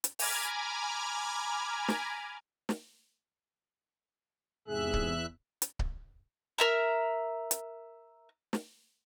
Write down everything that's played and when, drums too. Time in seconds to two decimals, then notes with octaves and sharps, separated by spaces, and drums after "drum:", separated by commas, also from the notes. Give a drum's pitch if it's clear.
0.04 drum: hi-hat
0.19 G#5 A#5 B5 D6 F6 G#6, drum: open hi-hat
1.88 drum: snare
2.69 drum: snare
4.68 E2 G#2 C3 G#4 E5 F#6
4.93 drum: kick C#1
5.62 drum: hi-hat
5.79 drum: kick C#1
6.58 A#4 E5 A#5
7.51 drum: hi-hat
8.53 drum: snare